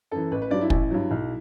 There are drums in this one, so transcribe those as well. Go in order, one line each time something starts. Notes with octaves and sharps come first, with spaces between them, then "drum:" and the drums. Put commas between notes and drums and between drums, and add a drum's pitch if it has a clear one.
F#2 E3 A4
A1 B4
B4
G2 F#3 D5
E4
A1, drum: kick
G2 F#3
B1